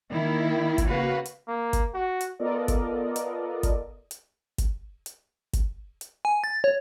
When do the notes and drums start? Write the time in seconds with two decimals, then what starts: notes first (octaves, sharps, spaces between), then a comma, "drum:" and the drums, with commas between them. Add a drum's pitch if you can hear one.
0.11 D#3 A#3 E4
0.78 drum: kick G#1, hi-hat
0.89 C#3 A#3 F#4 B4 F5
1.25 drum: hi-hat
1.48 A#3
1.73 drum: kick G#1, hi-hat
1.94 F#4
2.21 drum: hi-hat
2.39 B3 F4 A4 A#4 D5 D#5
2.68 drum: kick G#1, hi-hat
3.16 drum: hi-hat
3.63 drum: kick G#1, hi-hat
4.11 drum: hi-hat
4.58 drum: kick G#1, hi-hat
5.06 drum: hi-hat
5.53 drum: kick G#1, hi-hat
6.01 drum: hi-hat
6.25 G#5
6.44 A6
6.64 C#5